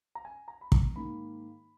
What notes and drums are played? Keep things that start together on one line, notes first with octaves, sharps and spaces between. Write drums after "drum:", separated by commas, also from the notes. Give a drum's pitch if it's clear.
A#5
G#5
A#5
B5
A#5, drum: kick
G#2 D#3 A#3 B5